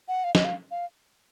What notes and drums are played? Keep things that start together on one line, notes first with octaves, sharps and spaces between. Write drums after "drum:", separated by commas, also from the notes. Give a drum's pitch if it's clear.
F#5
F5
D#5, drum: snare
F5
F5